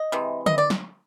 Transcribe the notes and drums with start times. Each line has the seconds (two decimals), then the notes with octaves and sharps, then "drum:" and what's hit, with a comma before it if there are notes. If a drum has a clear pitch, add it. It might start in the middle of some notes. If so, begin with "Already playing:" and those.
Already playing: D#5
0.12 C3 E3 G#3
0.46 D#5, drum: tom D3
0.58 D5
0.70 drum: snare